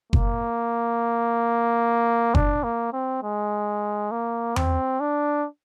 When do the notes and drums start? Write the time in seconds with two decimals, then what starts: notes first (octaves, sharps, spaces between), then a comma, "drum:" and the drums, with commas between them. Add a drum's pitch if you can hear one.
0.13 A#3, drum: kick F#1
2.35 D4, drum: kick F#1
2.64 A#3
2.93 C4
3.23 G#3
4.11 A#3
4.56 C4, drum: tom E2
5.00 D4